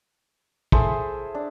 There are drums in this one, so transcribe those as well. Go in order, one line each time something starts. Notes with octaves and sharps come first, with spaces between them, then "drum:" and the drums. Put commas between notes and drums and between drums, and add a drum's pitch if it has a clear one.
E4 G#4 A4 C5, drum: kick
D4